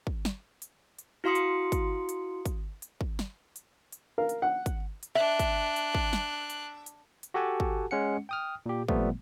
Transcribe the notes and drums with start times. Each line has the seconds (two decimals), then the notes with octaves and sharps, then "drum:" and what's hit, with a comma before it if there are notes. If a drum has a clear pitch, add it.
0.07 drum: kick
0.25 drum: snare
0.62 drum: hi-hat
0.99 drum: hi-hat
1.24 E4 F#4 F5 C6 D#6 C#7
1.35 drum: hi-hat
1.72 drum: kick, hi-hat
2.09 drum: hi-hat
2.45 drum: kick, hi-hat
2.82 drum: hi-hat
3.01 drum: kick
3.19 drum: snare
3.56 drum: hi-hat
3.92 drum: hi-hat
4.18 A#4 F5
4.29 drum: hi-hat
4.42 F#5
4.66 drum: kick, hi-hat
5.03 drum: hi-hat
5.15 D4 E5 F#6
5.39 drum: kick, hi-hat
5.76 drum: hi-hat
5.95 drum: kick
6.13 drum: snare
6.50 drum: hi-hat
6.86 drum: hi-hat
7.23 drum: hi-hat
7.34 F#4 G4 A4 F#5 G#5 A5
7.60 drum: kick
7.91 G#3 C#4 F#5 C#7
8.29 G5 D#6 F6
8.66 A#2 G4
8.88 A#2 F3 G3 A3 B3, drum: kick